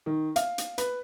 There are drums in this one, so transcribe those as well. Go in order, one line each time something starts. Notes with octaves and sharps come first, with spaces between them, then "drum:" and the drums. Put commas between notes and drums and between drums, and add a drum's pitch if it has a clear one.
D#3
F5, drum: hi-hat
drum: hi-hat
B4, drum: hi-hat